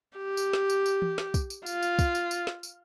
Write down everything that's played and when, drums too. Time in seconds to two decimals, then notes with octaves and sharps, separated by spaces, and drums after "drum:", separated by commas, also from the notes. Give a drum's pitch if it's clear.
0.18 G4
0.37 drum: tambourine
0.53 drum: snare
0.70 drum: tambourine
0.86 drum: tambourine
1.02 drum: tom E3
1.18 drum: snare
1.34 drum: kick, tambourine
1.50 drum: tambourine
1.66 F4, drum: tambourine
1.83 drum: tambourine
1.99 drum: kick, tambourine
2.15 drum: tambourine
2.31 drum: tambourine
2.47 drum: snare
2.63 drum: tambourine